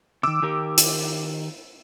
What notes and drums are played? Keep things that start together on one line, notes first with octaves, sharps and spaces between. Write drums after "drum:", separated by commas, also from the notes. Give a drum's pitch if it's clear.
C3 D#3 D6 E6
D#3 G4 A#4
drum: hi-hat